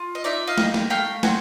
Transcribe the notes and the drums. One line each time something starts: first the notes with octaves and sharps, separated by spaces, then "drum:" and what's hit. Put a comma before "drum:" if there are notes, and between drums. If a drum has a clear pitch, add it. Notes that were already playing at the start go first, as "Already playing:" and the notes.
Already playing: F4
D#5
D#4 D5 E5
D#5 F5
D#4, drum: snare
drum: snare
A3 F5 G5
C4 F#5 G#5, drum: snare